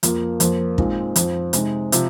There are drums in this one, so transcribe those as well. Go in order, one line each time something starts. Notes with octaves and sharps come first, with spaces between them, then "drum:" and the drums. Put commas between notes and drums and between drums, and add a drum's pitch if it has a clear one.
F2 F3 A#3, drum: hi-hat
F2 F3 A#3 F4, drum: hi-hat
A#2 G#3 C4 D#4, drum: kick
F2 F3 C4, drum: hi-hat
C3 G#3 D#4, drum: hi-hat
C3 F3, drum: hi-hat